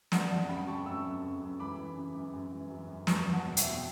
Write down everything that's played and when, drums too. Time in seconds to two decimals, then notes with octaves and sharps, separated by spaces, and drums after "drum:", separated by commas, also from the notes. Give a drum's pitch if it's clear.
0.12 C#3 D5 F#5, drum: snare
0.30 F#2 F#5 A5
0.49 C#3 G5 B5
0.67 C#3 A5 C#6
0.86 F#2 C#6 E6
1.04 F#2
1.23 C#3
1.42 F#2
1.60 E3 B5 D6
1.78 E3
1.96 C#3
2.15 F#2
2.34 F#2
2.52 E3
2.70 F#2
2.89 F#2
3.07 E2 A5 C#6, drum: snare
3.26 E2
3.32 F#5 A5
3.44 B2
3.57 E5 G5, drum: hi-hat
3.63 B2